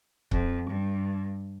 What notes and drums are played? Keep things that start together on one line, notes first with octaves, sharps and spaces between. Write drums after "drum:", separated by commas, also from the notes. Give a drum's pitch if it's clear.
F2, drum: kick C#1
G2